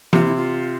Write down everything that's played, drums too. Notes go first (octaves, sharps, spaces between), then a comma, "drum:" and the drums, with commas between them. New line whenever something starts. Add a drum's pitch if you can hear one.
C3 F4, drum: tom E3
E4
F4